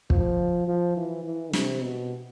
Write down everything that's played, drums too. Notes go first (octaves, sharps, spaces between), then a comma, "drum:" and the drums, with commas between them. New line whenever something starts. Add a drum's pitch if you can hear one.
F3, drum: kick
F3
E3
E3
C3, drum: snare
B2